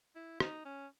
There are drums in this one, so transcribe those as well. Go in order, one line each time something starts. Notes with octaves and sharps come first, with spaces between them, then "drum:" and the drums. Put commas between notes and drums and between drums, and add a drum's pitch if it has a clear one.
E4
D#4, drum: rim click
C#4